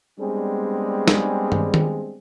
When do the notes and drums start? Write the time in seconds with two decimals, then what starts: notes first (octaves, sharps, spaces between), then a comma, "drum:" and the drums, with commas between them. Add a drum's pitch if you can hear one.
0.19 G3 G#3 B3 C4 D4 G#4
1.08 drum: snare
1.52 drum: tom
1.74 drum: tom